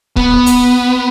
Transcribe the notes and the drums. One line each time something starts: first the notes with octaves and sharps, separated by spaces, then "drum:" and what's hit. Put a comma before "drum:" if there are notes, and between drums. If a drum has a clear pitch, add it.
B3, drum: kick C#1
drum: hi-hat